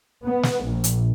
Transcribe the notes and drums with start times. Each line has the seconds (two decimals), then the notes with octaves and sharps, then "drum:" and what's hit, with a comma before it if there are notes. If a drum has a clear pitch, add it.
0.23 B3
0.43 drum: snare
0.64 A#1
0.84 drum: hi-hat